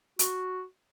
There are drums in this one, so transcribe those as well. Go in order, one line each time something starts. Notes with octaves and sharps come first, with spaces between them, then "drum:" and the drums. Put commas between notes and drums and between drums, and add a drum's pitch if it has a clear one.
F#4, drum: hi-hat